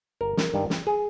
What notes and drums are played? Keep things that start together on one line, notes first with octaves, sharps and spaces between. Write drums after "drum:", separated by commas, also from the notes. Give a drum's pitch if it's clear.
G1 A#4
drum: snare
G2 D#3 G3
drum: snare
G#4